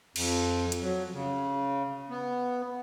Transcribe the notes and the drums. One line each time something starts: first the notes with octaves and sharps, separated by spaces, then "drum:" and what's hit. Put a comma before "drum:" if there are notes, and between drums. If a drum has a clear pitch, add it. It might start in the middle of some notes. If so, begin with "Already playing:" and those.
F2, drum: cymbal
drum: hi-hat
F#3
C#3
B3